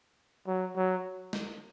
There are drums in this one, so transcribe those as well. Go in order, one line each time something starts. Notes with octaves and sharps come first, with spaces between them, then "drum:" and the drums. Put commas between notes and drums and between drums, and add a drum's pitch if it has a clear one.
F#3
F#3
drum: snare